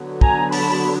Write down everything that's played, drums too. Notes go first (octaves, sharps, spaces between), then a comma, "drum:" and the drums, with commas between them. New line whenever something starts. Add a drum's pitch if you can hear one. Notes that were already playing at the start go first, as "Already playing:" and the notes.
Already playing: D3 F#3 B3
G#5 A#5, drum: kick
A5 B5, drum: open hi-hat